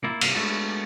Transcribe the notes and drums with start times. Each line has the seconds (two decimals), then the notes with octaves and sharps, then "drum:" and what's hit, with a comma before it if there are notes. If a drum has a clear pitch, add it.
0.04 A#3 E4 F4
0.21 C2 G2 F5, drum: cymbal
0.35 G#3 A3 B3 D4 F4 F#4